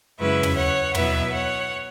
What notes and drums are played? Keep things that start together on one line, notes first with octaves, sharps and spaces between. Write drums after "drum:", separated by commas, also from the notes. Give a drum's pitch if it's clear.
F#2 C#3 G#3 C#4 E4 B4 E5
drum: tom
C#5 F#5
B2 F#3 B3 E4 B4 E5, drum: tom
C#5 F#5